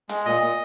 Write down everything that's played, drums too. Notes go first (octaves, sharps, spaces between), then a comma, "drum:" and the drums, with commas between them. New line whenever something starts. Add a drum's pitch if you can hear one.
G#3, drum: hi-hat
A#2 D#5
A#2